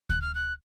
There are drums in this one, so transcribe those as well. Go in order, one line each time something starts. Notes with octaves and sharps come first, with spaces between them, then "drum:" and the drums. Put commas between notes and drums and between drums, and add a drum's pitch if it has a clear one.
F#6, drum: kick D2
F6
F#6